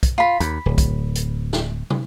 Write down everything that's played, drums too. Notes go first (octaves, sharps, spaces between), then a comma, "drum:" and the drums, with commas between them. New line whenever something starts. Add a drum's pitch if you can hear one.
drum: kick, hi-hat
F4 B5
D#2 B5, drum: hi-hat
D1
drum: kick, hi-hat
drum: hi-hat
drum: snare
drum: tom